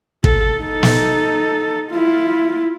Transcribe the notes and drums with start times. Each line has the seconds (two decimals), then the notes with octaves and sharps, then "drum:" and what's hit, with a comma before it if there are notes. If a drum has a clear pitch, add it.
0.24 A4, drum: kick
0.58 D#4 A4
0.83 drum: snare
1.91 E4 F4